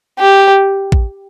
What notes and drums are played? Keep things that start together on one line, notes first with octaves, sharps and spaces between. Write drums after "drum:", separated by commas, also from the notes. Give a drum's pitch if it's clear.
G4
drum: kick A1